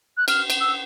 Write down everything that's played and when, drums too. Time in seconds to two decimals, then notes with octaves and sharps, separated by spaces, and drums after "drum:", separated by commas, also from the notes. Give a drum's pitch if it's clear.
0.17 F#6
0.28 F6, drum: cymbal
0.50 drum: cymbal
0.61 E6